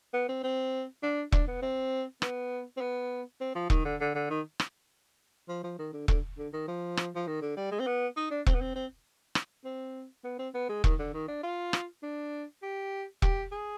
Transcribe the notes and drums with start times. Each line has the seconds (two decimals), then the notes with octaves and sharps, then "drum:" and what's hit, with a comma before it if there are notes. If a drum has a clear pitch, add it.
0.14 B3
0.29 C4
0.43 C4
1.03 D4
1.32 D4, drum: kick E1
1.48 B3
1.62 C4
2.22 B3, drum: rim click
2.77 C4
2.81 B3
3.41 C4
3.55 F3
3.70 D#3, drum: kick E1
3.85 D3
4.00 D3
4.15 D3
4.30 D#3
4.60 drum: rim click
5.49 F3
5.64 F3
5.79 D#3
5.93 D3
6.08 D3, drum: kick E1
6.38 D3
6.53 D#3
6.68 F3
6.97 drum: rim click
7.16 F3
7.27 D#3
7.42 D3
7.57 G3
7.72 G#3
7.80 C4
7.87 B3
8.17 D#4
8.31 D4
8.46 C4, drum: kick E1
8.55 B3
8.61 C4
8.75 C4
9.35 drum: rim click
9.65 C4
10.24 B3
10.39 C4
10.54 B3
10.69 G#3
10.84 D#3, drum: kick E1
10.99 D3
11.14 D#3
11.28 D4
11.43 F4
11.73 drum: rim click
12.03 D4
12.63 G4
13.22 G4, drum: kick E1
13.52 G#4